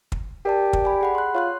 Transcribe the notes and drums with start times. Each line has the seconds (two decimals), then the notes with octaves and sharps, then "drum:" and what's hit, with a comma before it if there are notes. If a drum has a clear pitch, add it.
0.12 drum: kick
0.45 G4 A#4 D5 A5
0.73 drum: kick
0.84 D5 G#5 B5
1.01 G#4 F#5 B5
1.15 C6 F#6
1.35 F4 C#5 C6 F#6